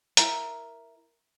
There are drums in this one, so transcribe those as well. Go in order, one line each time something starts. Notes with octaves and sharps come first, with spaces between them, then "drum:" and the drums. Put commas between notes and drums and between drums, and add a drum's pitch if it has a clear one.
E4 A#4 E5 A#5, drum: hi-hat